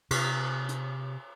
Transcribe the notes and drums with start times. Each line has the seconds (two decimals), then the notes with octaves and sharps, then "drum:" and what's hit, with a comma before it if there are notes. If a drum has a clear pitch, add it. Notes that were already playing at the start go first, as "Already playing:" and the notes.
0.11 C3, drum: cymbal
0.69 drum: hi-hat